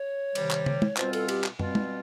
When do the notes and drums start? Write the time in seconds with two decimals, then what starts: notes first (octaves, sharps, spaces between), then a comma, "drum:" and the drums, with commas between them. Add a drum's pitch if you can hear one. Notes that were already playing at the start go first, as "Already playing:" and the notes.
Already playing: C#5
0.35 C3 D#3 G3, drum: cymbal
0.51 drum: clap
0.66 drum: tom
0.82 drum: tom
0.97 B2 G3 C4 F4 C5, drum: clap
1.13 A4, drum: cymbal
1.28 G4, drum: cymbal
1.44 drum: clap
1.59 B2 G3 C4 F4, drum: tom
1.75 drum: tom